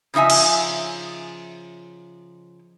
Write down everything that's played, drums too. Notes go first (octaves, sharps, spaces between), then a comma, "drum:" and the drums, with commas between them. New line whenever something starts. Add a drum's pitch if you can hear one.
C#3 F3 D#4 E5 G#5
drum: cymbal